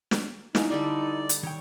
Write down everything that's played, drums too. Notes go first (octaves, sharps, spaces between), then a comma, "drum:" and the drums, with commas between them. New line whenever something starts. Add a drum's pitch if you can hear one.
drum: snare
D#4 E4 F5 G#5, drum: snare
D3 G3 A4 D5
drum: hi-hat
D#3 C#5 G5